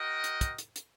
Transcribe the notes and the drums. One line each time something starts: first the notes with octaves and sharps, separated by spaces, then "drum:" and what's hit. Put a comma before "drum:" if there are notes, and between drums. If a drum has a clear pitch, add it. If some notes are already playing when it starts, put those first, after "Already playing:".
Already playing: F#4 A#4 D#5 G5
drum: hi-hat
drum: kick, hi-hat
drum: hi-hat
drum: hi-hat